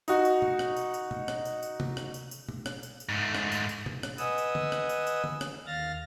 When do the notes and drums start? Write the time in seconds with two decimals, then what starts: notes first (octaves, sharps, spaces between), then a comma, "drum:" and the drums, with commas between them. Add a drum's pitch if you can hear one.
0.08 D#4 F#4, drum: tambourine
0.25 drum: tambourine
0.42 drum: tom B2
0.59 drum: rim click
0.77 drum: tambourine
0.94 drum: tambourine
1.11 drum: tom B2
1.28 drum: rim click
1.45 drum: tambourine
1.63 drum: tambourine
1.80 drum: tom C3
1.97 drum: rim click
2.14 drum: tambourine
2.31 drum: tambourine
2.49 drum: tom B2
2.66 drum: rim click
2.83 drum: tambourine
3.00 drum: tambourine
3.09 G#2 A3
3.35 drum: rim click
3.52 drum: tambourine
3.69 drum: tambourine
3.86 drum: tom B2
4.03 drum: rim click
4.18 B4 D#5 F#5 G#5 D#6 E6, drum: tambourine
4.38 drum: tambourine
4.55 drum: tom D3
4.72 drum: rim click
4.89 drum: tambourine
5.07 drum: tambourine
5.24 drum: tom D3
5.41 drum: rim click
5.67 D#2 F5 F6 A6 A#6